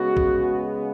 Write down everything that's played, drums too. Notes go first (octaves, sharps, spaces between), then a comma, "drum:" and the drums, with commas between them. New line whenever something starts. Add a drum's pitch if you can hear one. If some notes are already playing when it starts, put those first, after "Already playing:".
Already playing: C#3 G#3 B3 F#4
drum: kick A#1